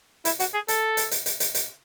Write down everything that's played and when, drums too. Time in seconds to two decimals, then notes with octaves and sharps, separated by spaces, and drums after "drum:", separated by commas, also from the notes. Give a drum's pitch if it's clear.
0.25 E4, drum: hi-hat
0.40 F#4, drum: hi-hat
0.54 G#4
0.68 A4, drum: hi-hat
0.97 drum: hi-hat
1.11 drum: hi-hat
1.26 drum: hi-hat
1.40 drum: hi-hat
1.55 drum: hi-hat